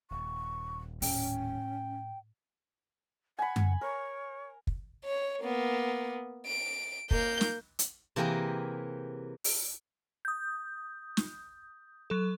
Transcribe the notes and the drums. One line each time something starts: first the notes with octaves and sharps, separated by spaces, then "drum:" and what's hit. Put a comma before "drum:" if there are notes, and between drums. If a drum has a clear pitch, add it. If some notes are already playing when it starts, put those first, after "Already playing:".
D#1 C#6
A2 C#4 G5, drum: open hi-hat
F#5 G#5 B5
drum: tom F#2
A#4 C#5
drum: kick
C#5
A#3 B3
D7
A#3 G6, drum: kick
drum: snare
drum: hi-hat
C3 E3 A#3 G4 G#4 A#4
drum: open hi-hat
D#6 G6
drum: snare
F#3 A4